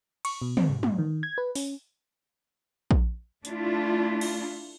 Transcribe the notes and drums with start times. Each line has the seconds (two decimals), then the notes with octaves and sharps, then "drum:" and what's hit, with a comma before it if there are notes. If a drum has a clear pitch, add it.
0.25 C#6, drum: cymbal
0.42 B2
0.57 C4, drum: tom
0.69 G#2
0.83 drum: tom
0.98 D#3
1.23 G#6
1.38 B4
1.55 C#4, drum: open hi-hat
2.91 drum: kick A#1
3.45 A3 D4 E4 F4, drum: hi-hat
4.21 drum: cymbal